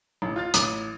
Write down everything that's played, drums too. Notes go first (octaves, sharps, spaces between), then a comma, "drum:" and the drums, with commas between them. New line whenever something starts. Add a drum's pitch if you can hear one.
A1
F4 F6 A6
A1 D6 D#6 D#7, drum: hi-hat